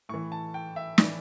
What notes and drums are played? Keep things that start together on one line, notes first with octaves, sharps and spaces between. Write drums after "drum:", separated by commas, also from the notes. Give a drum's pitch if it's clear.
A2 E3 C#6
A5
G5
E5
A2 E3 D5, drum: snare